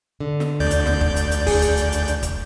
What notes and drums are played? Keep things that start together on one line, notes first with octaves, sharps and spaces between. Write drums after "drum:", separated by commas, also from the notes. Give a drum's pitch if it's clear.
D3
drum: snare
D2 D5 G6
drum: hi-hat
drum: snare
drum: kick
drum: hi-hat
drum: hi-hat
G#4, drum: kick, open hi-hat
drum: hi-hat
drum: hi-hat
drum: hi-hat
drum: hi-hat
drum: kick, hi-hat